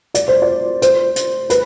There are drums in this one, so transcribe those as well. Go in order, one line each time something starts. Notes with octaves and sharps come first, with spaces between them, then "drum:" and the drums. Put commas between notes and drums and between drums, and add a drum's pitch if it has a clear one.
D5, drum: hi-hat
C5
D5
C5, drum: hi-hat
drum: hi-hat
B4, drum: hi-hat